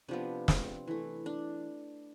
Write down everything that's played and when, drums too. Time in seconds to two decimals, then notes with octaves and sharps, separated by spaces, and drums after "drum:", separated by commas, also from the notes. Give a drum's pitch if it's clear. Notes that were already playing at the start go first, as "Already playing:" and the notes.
0.08 C3 F3 B3 D4
0.48 C4, drum: snare
0.88 E3 A3
1.26 D4